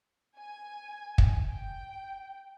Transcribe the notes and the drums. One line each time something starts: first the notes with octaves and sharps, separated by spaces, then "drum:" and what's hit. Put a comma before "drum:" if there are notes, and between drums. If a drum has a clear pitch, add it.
G#5
drum: kick
G5